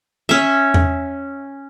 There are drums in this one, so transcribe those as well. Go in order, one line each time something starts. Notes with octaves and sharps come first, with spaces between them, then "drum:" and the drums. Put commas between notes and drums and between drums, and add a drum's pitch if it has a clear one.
C#4 E5
drum: tom E2